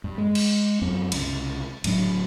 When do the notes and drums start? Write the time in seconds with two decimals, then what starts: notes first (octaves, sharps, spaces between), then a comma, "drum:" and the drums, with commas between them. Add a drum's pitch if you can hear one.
0.04 G2
0.18 G#3
0.35 drum: cymbal
0.82 F#2 F#3 C4
1.12 C2 C#3, drum: cymbal
1.84 D1 A2 F#3 D4, drum: cymbal